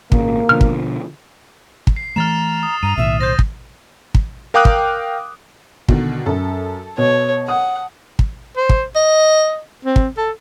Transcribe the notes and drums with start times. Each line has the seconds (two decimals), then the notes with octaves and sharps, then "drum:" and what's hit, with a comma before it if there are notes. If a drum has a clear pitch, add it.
0.12 G#1 A#2 C#3 A#3, drum: kick
0.49 B2 D3 F3 F6
0.61 drum: kick
1.87 drum: kick
1.96 C7
2.16 E3 A3 A#5 F6 A6 E7
2.63 D#6
2.83 G2 A#5 D#7
2.97 B1 A2 D#3 E5
3.21 C5 G6 A#6
3.39 drum: kick
4.15 drum: kick
4.54 A#4 F5 G5 D6 D#6 F#6
4.65 drum: kick
5.89 B2 D3 D#3, drum: kick
6.26 F#2 A4
6.98 B2 C#5
7.48 F#5 D#6
8.19 drum: kick
8.57 C5
8.69 drum: kick
8.96 D#5
9.85 C4
9.96 drum: kick
10.17 A4